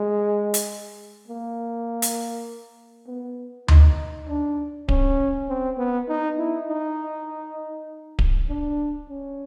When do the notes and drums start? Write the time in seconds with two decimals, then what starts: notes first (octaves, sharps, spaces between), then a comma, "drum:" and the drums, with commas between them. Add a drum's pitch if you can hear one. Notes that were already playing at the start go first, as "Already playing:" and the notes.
Already playing: G#3
0.54 drum: hi-hat
1.28 A#3
2.02 drum: hi-hat
3.08 B3
3.68 D#4, drum: tom D2
4.29 D4
4.89 C#4, drum: kick D1
5.49 C4
5.78 B3
6.09 D#4
6.38 E4
6.69 D#4
8.19 drum: kick D1
8.49 D4
9.09 C#4